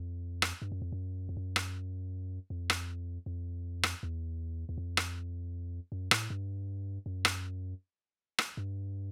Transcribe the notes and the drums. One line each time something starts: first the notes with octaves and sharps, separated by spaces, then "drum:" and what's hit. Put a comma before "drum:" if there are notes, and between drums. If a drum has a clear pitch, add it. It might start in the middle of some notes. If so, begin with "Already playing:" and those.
Already playing: F2
drum: rim click
G2
F#2
F2
F#2
F2
F#2
drum: rim click
F2
drum: rim click
F2
drum: rim click
E2
E2
F2
drum: rim click
F#2
A2, drum: rim click
G2
F#2
drum: rim click
drum: rim click
G2